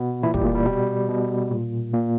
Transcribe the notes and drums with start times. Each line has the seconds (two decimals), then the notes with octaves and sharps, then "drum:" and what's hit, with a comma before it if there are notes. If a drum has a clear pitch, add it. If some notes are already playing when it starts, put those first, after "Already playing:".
Already playing: B2 B3
0.23 A#2 E3 E4
0.34 G3 G4, drum: kick
0.45 A#2 A#3
0.55 G3
0.66 B2 G3
1.08 B2
1.51 A#2
1.93 A#2 A#3